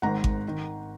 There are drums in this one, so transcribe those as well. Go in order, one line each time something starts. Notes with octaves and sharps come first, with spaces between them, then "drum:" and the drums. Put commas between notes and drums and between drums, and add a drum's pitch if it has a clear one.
G#1 G#2 D#3 F#5 A#5
drum: kick G#1
D#3